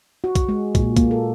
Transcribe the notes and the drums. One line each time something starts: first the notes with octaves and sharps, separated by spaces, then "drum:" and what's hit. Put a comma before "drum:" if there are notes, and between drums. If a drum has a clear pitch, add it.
F#4
drum: kick, hi-hat
G#3
A#2, drum: kick, hi-hat
A#3, drum: kick, hi-hat
A4